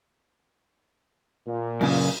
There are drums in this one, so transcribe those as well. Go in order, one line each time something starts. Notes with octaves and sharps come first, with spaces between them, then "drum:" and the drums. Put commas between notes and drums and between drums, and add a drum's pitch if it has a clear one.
A#2
F#2 C#3, drum: cymbal